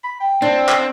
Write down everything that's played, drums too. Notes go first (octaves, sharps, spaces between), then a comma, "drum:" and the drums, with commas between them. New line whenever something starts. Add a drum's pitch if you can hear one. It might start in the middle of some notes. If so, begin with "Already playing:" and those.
B5
G5
C4 D4
drum: clap